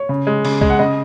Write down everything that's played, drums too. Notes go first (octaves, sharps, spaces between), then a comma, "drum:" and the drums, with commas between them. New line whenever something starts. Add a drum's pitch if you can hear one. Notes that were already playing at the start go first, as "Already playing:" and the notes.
Already playing: C#5
C#3
G#3
C#3, drum: cymbal
G#3, drum: kick C2
F#5
C#3 D#5